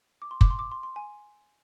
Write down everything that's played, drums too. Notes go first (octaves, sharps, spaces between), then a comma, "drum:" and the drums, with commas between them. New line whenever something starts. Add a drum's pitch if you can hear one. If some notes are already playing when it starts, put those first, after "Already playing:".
D6
C6
D6, drum: kick
C6
D6
C6
C6
G#5